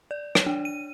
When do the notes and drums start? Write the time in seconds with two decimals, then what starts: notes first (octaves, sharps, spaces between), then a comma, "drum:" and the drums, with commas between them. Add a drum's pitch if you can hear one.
0.11 D5
0.35 C#5, drum: rim click
0.46 D4
0.65 D#7